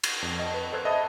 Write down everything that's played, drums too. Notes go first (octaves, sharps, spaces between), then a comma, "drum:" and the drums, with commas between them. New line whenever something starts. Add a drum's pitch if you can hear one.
drum: cymbal
F2
D#5 A5
B4
A4 C5 F#6 G#6
D#5 E5 A5 B5 D#6